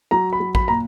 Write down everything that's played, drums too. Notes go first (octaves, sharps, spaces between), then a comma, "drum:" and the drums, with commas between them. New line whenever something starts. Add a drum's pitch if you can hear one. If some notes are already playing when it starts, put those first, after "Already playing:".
F#3 A#5
B5
F#3
B5, drum: kick
A#2 A#5